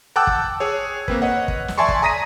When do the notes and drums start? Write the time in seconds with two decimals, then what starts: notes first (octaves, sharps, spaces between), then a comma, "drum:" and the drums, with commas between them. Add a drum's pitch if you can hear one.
0.16 F#5 G5 A5 D6 E6 F#6
0.27 drum: kick
0.60 G#4 C#5
1.08 A#3 C4 B4, drum: kick
1.22 B4 C#5 D#5 F#5
1.48 drum: kick
1.68 drum: snare
1.78 D5 E5 G#5 A5 C6 C#6
1.88 drum: kick
2.02 G#5 A#5 D#6 A#6 B6 D#7